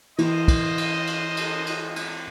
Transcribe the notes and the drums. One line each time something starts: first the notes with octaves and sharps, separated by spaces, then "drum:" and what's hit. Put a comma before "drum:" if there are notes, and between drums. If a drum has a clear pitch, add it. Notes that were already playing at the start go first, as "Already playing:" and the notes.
E3 F4 C5 D#5, drum: cymbal
drum: kick, cymbal
drum: cymbal
drum: cymbal
drum: cymbal
drum: cymbal
drum: cymbal